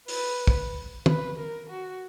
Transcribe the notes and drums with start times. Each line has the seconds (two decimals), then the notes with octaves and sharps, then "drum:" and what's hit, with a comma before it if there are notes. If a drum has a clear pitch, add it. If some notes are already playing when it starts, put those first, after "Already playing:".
0.08 B4, drum: open hi-hat
0.47 drum: kick
1.06 B4, drum: tom
1.38 A#4
1.70 F#4